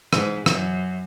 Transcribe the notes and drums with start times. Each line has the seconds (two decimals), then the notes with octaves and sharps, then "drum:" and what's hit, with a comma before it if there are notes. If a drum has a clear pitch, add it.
0.13 G#2, drum: rim click
0.46 F#2, drum: rim click